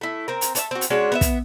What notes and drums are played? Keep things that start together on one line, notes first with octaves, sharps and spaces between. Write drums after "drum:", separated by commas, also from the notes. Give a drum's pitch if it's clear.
A3 E4
C4 A#4
drum: hi-hat
A4 C#5 E5, drum: hi-hat
C4 F#4
drum: hi-hat
G#3 C#4 D4 F#4
B3 D#5 E5
drum: kick, hi-hat